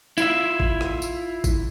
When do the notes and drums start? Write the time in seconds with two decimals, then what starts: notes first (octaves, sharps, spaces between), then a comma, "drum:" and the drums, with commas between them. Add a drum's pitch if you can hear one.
0.18 E4 F4 E5, drum: tambourine
0.60 drum: kick
0.81 drum: rim click
1.02 drum: tambourine
1.44 drum: kick, tambourine